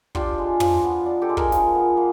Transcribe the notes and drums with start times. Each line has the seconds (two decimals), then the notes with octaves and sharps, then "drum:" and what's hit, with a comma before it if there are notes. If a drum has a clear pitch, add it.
0.15 D4 F4 G4, drum: kick
0.38 G#3
0.60 F3, drum: tom
0.84 B3
1.06 D4
1.22 G4 A4
1.29 G#3
1.37 G#4 A#4, drum: kick
1.52 F3, drum: snare
1.75 B3
1.97 A#3